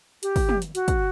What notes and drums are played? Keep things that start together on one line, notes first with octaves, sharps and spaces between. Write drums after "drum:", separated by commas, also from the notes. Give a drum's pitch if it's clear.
G4, drum: hi-hat
drum: kick, open hi-hat
drum: tom
drum: hi-hat
F#4, drum: hi-hat
drum: kick, hi-hat